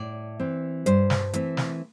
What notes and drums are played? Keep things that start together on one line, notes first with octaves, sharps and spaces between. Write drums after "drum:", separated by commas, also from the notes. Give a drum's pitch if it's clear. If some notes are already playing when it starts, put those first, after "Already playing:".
Already playing: A2 D5
E3 C4
G2 C5, drum: hi-hat
drum: snare
E3 A3 C4, drum: hi-hat
drum: snare